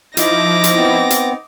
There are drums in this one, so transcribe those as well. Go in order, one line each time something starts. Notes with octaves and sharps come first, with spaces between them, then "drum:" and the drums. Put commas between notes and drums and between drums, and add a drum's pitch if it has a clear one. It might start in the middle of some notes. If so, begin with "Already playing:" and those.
F3 D#4 E4 D6 A#6, drum: hi-hat
drum: hi-hat
B3 C4
drum: hi-hat